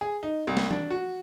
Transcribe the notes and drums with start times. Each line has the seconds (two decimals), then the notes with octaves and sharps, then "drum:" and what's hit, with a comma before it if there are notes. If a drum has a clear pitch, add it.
0.01 G#4
0.23 D#4
0.47 C2
0.57 drum: snare
0.71 D4, drum: tom E3
0.90 F#4